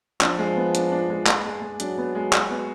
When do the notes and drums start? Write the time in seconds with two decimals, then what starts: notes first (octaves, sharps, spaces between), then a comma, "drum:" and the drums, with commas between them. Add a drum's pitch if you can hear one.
0.21 F3 D4, drum: clap
0.39 G#3
0.57 B3
0.75 D4, drum: hi-hat
0.92 D4
1.10 G#3
1.26 G#3, drum: clap
1.45 G#3
1.62 G#3
1.80 F#3 D4, drum: hi-hat
1.98 B3
2.15 G#3
2.33 F#4, drum: clap
2.51 B3